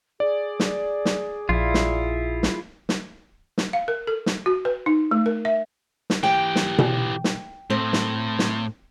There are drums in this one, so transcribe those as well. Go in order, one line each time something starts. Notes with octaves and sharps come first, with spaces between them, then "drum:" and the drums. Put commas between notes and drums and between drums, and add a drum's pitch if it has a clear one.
G#4 D5
drum: snare
drum: snare
A#1 E4 F4
drum: snare
drum: snare
drum: snare
drum: snare
F5
A#4
A4
drum: snare
F#4
B4
D#4
A3
A#4
E5
drum: snare
E3 G4 G5
drum: snare
drum: tom B2
drum: snare
A2 C4
drum: snare
drum: snare